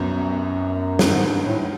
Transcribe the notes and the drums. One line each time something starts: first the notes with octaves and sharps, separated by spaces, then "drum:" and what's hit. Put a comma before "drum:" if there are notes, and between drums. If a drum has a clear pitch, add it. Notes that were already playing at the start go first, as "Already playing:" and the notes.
Already playing: C2 F#2 B2 F#3 B3
C2 G2 C3 D#3, drum: snare
G#2
G2
A2